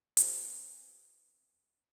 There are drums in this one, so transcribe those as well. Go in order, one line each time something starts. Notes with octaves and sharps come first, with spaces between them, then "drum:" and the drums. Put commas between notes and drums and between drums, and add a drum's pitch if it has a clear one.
B3 C4 E4 F#4 G#4 C5, drum: hi-hat